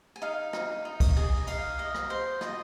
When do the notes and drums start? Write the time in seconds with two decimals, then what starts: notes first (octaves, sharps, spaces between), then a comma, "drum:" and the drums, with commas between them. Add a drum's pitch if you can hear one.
0.16 G#5
0.22 D#4 F5
0.53 D#4, drum: rim click
0.85 D#4
1.00 drum: kick, cymbal
1.17 G#4
1.38 D#5
1.47 D#4 F5, drum: cymbal
1.79 D#5
1.94 drum: rim click
2.10 C5
2.41 D#5, drum: rim click